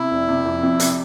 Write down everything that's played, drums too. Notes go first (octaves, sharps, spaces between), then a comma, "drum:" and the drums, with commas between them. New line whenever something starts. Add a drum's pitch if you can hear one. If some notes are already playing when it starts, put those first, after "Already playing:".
Already playing: C3 E4
F1
C3
F2
F2
C3, drum: hi-hat